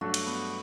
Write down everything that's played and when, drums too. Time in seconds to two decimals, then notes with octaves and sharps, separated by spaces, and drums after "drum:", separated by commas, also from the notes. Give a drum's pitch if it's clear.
0.01 G2 F#3 A3 D4 F#4 A4
0.14 drum: cymbal
0.27 B3